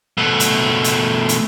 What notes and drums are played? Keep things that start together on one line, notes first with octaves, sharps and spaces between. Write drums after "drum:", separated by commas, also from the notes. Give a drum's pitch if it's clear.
B2 A3
drum: hi-hat
drum: hi-hat
drum: hi-hat